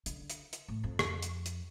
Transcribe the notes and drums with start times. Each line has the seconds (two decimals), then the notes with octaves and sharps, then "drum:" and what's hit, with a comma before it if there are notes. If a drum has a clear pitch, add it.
0.06 D3, drum: hi-hat
0.30 drum: hi-hat
0.53 drum: hi-hat
0.68 A2
0.84 F2
0.99 drum: rim click
1.23 drum: hi-hat
1.46 drum: hi-hat